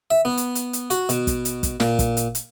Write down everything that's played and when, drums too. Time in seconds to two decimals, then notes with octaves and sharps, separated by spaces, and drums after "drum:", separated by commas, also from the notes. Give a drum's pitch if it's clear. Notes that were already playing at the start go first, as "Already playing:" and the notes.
0.11 E5
0.25 B3
0.37 drum: hi-hat
0.55 drum: hi-hat
0.73 drum: hi-hat
0.90 F#4, drum: hi-hat
1.09 B2, drum: hi-hat
1.27 drum: kick, hi-hat
1.45 drum: hi-hat
1.63 drum: kick, hi-hat
1.80 A#2, drum: snare
1.99 drum: kick, hi-hat
2.17 drum: hi-hat
2.35 drum: hi-hat